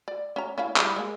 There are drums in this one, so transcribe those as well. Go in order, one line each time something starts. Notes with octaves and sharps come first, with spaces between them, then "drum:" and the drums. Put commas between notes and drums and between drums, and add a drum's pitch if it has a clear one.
D5
C#4 A#5
C#4 E4 F5
G3 E4, drum: clap
G#3 A#3